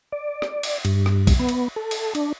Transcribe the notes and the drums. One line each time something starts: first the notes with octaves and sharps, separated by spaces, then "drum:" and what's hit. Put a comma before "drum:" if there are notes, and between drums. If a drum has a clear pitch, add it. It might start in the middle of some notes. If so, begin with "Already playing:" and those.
D5
drum: rim click
drum: cymbal
G2, drum: cymbal
drum: rim click
drum: kick B1, cymbal
B3
drum: cymbal
A4
drum: cymbal
D4, drum: cymbal